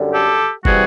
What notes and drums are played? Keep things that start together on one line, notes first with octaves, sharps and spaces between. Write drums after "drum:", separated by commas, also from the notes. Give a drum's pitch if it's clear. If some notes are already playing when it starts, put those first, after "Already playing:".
Already playing: F#2 D3 G3
G4 A4
C3 E3 G3 F#4 G#4, drum: kick